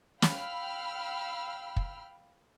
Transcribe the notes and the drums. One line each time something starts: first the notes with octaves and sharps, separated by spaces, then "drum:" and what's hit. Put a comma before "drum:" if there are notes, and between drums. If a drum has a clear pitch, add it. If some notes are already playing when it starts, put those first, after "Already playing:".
F5 G5 B5 E6 F6, drum: snare
drum: kick